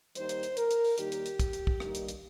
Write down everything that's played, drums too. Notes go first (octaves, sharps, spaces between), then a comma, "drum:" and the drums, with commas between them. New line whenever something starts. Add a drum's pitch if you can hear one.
D#2 D#3 G3 D#4 C5, drum: hi-hat
drum: hi-hat
drum: hi-hat
A#4, drum: hi-hat
drum: hi-hat
drum: open hi-hat
D#2 D#3 G3 A#3 D#4 G4, drum: hi-hat
drum: hi-hat
drum: hi-hat
drum: kick, hi-hat
drum: hi-hat
drum: kick
G2 D#3 G3 A#3 D#4, drum: rim click
drum: hi-hat
drum: hi-hat